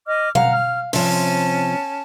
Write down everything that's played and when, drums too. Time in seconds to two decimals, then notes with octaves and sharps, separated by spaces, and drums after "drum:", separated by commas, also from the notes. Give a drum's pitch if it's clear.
0.06 D#5 D6 F6
0.35 F5 F#5 A#5, drum: tom B2
0.52 F6
0.93 C3 F3 C#4 A5, drum: open hi-hat